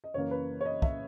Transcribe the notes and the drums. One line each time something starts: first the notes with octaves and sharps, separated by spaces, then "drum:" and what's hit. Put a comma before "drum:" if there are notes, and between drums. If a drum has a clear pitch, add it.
D#5
F#1 F#2 E3 A#3 C#5
B4
C#5
D#5
E5, drum: kick